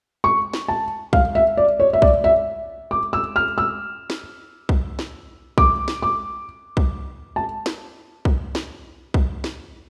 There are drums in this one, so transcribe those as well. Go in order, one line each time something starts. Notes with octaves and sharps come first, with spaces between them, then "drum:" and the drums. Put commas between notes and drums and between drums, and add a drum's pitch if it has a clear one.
C#6
drum: snare
A5
F5, drum: kick B1
E5
D5
C#5
E5
D5, drum: kick B1
E5
D6
E6
F6
E6
drum: snare
drum: kick B1
drum: snare
D6, drum: kick B1
drum: snare
D6
drum: kick B1
A5
drum: snare
drum: kick B1
drum: snare
drum: kick B1
drum: snare